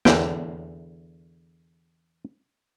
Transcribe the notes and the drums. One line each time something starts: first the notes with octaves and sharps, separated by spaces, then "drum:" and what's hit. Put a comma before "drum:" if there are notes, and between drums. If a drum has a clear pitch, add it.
E2 D3 G5, drum: snare